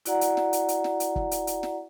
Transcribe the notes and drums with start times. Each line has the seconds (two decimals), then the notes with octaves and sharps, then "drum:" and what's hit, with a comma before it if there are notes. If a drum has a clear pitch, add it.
0.05 E4 F#4 D5 F#5 A#5, drum: hi-hat
0.21 drum: hi-hat
0.37 drum: snare
0.53 drum: hi-hat
0.68 drum: hi-hat
0.84 drum: snare
1.00 drum: hi-hat
1.16 drum: kick
1.31 drum: hi-hat
1.47 drum: hi-hat
1.63 drum: snare